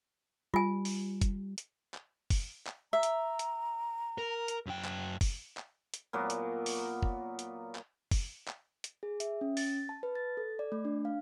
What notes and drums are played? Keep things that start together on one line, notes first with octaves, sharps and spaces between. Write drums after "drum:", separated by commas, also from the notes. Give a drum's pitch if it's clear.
G3 F4 G#5
drum: open hi-hat
drum: kick, hi-hat
drum: hi-hat
drum: clap
drum: kick, open hi-hat
drum: clap
E5 A#5
drum: hi-hat
drum: hi-hat
A#4
drum: hi-hat
F#2 G5
drum: clap
drum: kick, open hi-hat
drum: clap
drum: hi-hat
A#2 F#3 B3 D5
drum: hi-hat
drum: open hi-hat
drum: kick
drum: hi-hat
drum: clap
drum: kick, open hi-hat
drum: clap
drum: hi-hat
G#4
E5, drum: hi-hat
C#4
A6, drum: open hi-hat
A5
B4
A6
A4
D5
A3
D4
F5